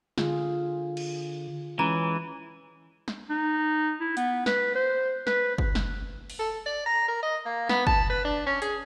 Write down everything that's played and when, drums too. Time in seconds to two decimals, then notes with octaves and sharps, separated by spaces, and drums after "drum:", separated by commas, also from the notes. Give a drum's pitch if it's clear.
0.18 D3 F4 G#4, drum: snare
0.97 drum: cymbal
1.79 E3 G#3 C#4 A#5
3.08 drum: snare
3.30 D#4
4.01 E4
4.17 B3, drum: hi-hat
4.46 B4, drum: snare
4.75 C5
5.27 B4, drum: snare
5.58 drum: kick
5.75 drum: snare
6.30 drum: open hi-hat
6.39 A4
6.66 D5
6.86 A#5
7.08 A#4
7.23 D#5
7.46 A#3
7.69 B3, drum: snare
7.87 A5, drum: kick
8.10 B4
8.25 D4
8.47 C#4
8.62 G#4, drum: hi-hat